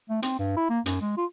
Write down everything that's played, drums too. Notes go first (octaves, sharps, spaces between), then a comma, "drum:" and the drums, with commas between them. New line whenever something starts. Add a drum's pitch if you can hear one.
A3
C4, drum: hi-hat
G2
E4
A#3
F#2, drum: hi-hat
G#3
F4